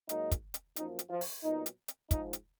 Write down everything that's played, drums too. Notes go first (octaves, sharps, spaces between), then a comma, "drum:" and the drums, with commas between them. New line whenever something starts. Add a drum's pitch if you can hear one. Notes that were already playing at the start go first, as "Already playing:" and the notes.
G#2 F#3 A#3 D#4, drum: hi-hat
drum: kick, hi-hat
drum: hi-hat
F#2 F3 A#3 D#4, drum: hi-hat
drum: hi-hat
F3 F4
drum: open hi-hat
A#2 F#3 B3 D#4
drum: hi-hat
drum: hi-hat
G#2 F3 G#3 D#4, drum: kick, hi-hat
drum: hi-hat